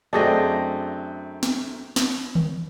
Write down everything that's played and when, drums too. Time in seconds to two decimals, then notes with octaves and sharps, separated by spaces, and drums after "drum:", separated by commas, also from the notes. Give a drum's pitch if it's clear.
0.13 F#2 A3 C4 D4 G#4 D#5
1.43 drum: snare
1.96 drum: snare
2.35 drum: tom D3